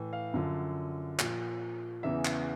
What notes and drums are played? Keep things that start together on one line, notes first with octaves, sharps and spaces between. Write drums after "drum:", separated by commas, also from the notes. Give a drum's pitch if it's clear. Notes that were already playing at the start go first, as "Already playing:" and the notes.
Already playing: A2 E3
F5
F#2 D3 F3
A#2 F3, drum: clap
E2 C#3 E3 E5
drum: clap